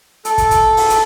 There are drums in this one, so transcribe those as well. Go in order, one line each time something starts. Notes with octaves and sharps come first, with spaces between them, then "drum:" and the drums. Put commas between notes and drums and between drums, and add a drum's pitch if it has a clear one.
A4, drum: hi-hat
drum: kick, hi-hat
drum: kick, hi-hat
drum: open hi-hat
drum: hi-hat